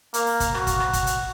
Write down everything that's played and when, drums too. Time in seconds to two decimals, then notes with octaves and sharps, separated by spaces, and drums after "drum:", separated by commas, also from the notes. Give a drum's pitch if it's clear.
0.14 A#3, drum: hi-hat
0.27 drum: open hi-hat
0.40 drum: kick, hi-hat
0.54 F#4, drum: rim click
0.67 drum: kick, hi-hat
0.80 drum: rim click
0.93 drum: kick, hi-hat
1.07 drum: hi-hat